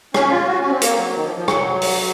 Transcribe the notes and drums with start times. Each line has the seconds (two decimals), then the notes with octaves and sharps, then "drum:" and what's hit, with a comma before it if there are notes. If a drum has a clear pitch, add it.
0.14 C#4, drum: rim click
0.30 F4
0.47 F#4
0.59 C#4
0.69 C4
0.82 A#3, drum: hi-hat
0.97 F#3
1.15 D#3
1.26 F3
1.36 F3
1.48 F#3, drum: rim click
1.82 drum: open hi-hat